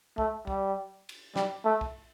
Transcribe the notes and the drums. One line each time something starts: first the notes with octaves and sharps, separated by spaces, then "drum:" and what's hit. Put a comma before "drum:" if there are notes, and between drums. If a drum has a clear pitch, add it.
A3, drum: kick
G3, drum: kick
drum: cymbal
G3, drum: snare
A3
drum: kick